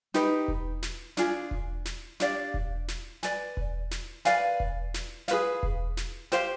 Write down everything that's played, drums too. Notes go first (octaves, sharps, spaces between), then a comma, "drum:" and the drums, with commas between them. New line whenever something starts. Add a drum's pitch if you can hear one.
D#4 G4 B4, drum: snare
drum: kick E1
drum: snare
D4 F4 G#4, drum: snare
drum: kick E1
drum: snare
D4 G4 D5 F5, drum: snare
drum: kick E1
drum: snare
B4 D5 G#5, drum: snare
drum: kick E1
drum: snare
B4 D5 F5 G#5, drum: snare
drum: kick E1
drum: snare
G#4 B4 F5, drum: snare
drum: kick E1
drum: snare
G4 C5 F5, drum: snare